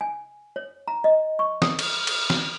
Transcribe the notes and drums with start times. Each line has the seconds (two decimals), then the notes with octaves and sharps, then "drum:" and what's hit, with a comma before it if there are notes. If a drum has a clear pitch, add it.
0.01 G#5
0.56 C#5
0.88 A#5
1.04 D#5
1.39 C#6
1.62 D#6, drum: snare
1.79 drum: cymbal
2.07 drum: cymbal
2.30 drum: snare